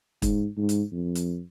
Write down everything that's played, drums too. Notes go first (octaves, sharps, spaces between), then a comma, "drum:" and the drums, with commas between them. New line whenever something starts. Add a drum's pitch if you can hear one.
G#2, drum: kick, hi-hat
G#2
drum: hi-hat
F2
drum: hi-hat